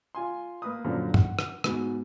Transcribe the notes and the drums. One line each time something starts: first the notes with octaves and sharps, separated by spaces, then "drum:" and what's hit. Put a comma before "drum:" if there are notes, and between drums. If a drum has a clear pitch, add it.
F4 G#5 C6
A#3 B4 D#6
F#2 A#2 D3 F3
F#5, drum: tom
drum: rim click
G#2 B3 F#4, drum: rim click